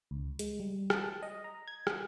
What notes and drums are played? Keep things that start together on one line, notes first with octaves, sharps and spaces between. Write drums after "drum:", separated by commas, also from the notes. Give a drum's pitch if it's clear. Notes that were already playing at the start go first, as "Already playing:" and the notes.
C#2
G#3, drum: hi-hat
G3
A5, drum: rim click
D#5
A#5
G#6
drum: rim click